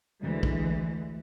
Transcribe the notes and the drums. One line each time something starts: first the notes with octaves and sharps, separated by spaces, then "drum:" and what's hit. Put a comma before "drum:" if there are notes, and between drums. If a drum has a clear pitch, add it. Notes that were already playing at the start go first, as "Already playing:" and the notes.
D2 E3 G#3
drum: kick